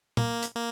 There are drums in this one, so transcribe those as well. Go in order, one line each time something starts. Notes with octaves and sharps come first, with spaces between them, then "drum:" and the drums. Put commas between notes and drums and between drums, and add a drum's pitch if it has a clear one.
A#3, drum: tom
drum: hi-hat
A#3